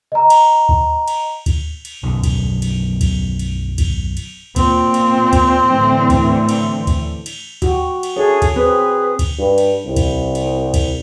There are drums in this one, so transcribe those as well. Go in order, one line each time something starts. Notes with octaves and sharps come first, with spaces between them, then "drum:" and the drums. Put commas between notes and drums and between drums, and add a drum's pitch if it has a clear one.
D#5 A#5
drum: cymbal
drum: kick
drum: cymbal
drum: kick, cymbal
drum: cymbal
B1 F#2 B2 D3
drum: kick, cymbal
drum: cymbal
drum: kick, cymbal
drum: cymbal
drum: kick, cymbal
drum: cymbal
A#2 C4, drum: kick, cymbal
drum: cymbal
drum: kick, cymbal
A2 D3 E3
drum: kick, cymbal
drum: cymbal
drum: kick, cymbal
drum: cymbal
F#4 G4, drum: kick, cymbal
drum: cymbal
A3 D4 G#4 C#5
drum: kick, cymbal
C4 G#4 B4
drum: kick, cymbal
G2
drum: cymbal
C2
drum: kick, cymbal
drum: cymbal
drum: kick, cymbal